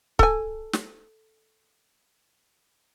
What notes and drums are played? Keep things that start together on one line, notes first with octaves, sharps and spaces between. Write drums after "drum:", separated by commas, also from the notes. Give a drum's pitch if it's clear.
A4 G#5, drum: kick C#1
drum: snare